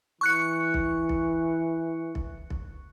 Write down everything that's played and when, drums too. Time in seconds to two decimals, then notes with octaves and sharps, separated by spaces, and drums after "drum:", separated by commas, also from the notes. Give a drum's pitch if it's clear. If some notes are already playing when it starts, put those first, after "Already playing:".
0.21 E3 C#6 F#6 C#7
0.74 drum: kick B1
1.09 drum: kick B1
2.15 drum: kick B1
2.50 drum: kick B1